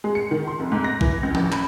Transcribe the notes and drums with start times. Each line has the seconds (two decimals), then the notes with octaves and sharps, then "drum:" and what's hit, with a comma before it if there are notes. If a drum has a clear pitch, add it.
0.04 G#3
0.15 C#7
0.31 D#3
0.47 C6
0.60 F1
0.72 G#2
0.84 A#6
1.01 E3, drum: kick A#1
1.23 C#2
1.35 A1, drum: tom F3
1.52 B5, drum: clap